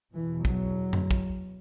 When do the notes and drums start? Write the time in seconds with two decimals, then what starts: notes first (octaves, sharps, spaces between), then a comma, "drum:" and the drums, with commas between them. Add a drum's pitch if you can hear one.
0.14 E2 B2 E3
0.45 F#3, drum: kick
0.93 drum: tom F#2
1.11 drum: kick